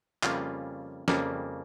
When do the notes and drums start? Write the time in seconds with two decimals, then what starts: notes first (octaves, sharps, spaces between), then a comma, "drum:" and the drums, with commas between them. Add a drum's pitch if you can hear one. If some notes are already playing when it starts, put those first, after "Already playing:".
0.23 F2 C#3 G3 A#3 C#4 F4, drum: clap
1.08 F2 C#3 G3 A#3 C#4, drum: snare